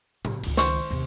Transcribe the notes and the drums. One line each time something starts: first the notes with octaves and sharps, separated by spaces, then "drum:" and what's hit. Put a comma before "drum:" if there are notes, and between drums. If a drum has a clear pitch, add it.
C#3, drum: tom A2
C#2 D#3, drum: cymbal
C5 C#6, drum: snare
D#2 C3